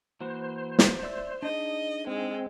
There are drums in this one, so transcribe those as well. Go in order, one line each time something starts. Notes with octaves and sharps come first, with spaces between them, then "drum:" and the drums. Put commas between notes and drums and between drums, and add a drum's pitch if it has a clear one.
E3 A#3 F#4 C5
drum: snare
D5 E5 E6
D4 D#4 G#4 D#5
G#3 C4